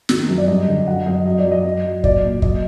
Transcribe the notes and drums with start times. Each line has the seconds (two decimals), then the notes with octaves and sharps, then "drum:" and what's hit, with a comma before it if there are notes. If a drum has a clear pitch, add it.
0.09 D#3, drum: snare
0.28 F#2
0.38 D5
0.47 G2 D#5
0.67 D3
0.87 F#2 F#5
1.06 F#2 D#5
1.26 F#3 D#5
1.39 D5
1.45 F#2
1.51 D#5
1.64 F#2 D#5
1.84 F#3
2.04 A#2 D5, drum: kick
2.23 A#2
2.42 F#3 D#5, drum: kick